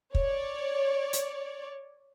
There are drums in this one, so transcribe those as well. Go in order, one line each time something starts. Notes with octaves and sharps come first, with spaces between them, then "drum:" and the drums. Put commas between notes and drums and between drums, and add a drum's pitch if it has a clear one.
C#5 D5, drum: kick
drum: hi-hat